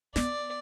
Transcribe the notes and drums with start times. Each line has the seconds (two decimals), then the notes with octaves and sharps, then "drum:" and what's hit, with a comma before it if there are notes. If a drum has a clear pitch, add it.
0.16 B3 D5, drum: snare